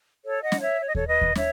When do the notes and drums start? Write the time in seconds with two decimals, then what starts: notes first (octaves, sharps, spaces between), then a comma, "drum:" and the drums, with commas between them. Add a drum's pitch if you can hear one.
0.23 A4 C#5
0.43 D#5 F#5
0.52 drum: snare
0.61 C#5 E5
0.80 C#5
0.87 D#5
0.95 A4 C#5, drum: kick D#2
1.07 B4 D#5
1.21 drum: kick D#2
1.35 C#5 E5, drum: snare